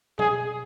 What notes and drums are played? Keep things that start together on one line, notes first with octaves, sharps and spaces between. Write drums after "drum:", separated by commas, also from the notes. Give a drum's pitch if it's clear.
G#4, drum: tom B2